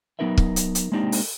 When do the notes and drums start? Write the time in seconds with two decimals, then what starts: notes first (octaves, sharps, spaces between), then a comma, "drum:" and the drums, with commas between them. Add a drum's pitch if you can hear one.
0.19 F#3 B3 D#4 A#4 B4 E5
0.37 drum: kick
0.56 drum: hi-hat
0.75 drum: hi-hat
0.92 G#3 A#3 C4 D4 D#4 G4
1.12 drum: open hi-hat